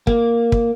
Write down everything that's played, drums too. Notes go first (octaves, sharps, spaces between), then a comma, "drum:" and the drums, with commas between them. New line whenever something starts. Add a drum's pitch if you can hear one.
A#3, drum: kick
drum: kick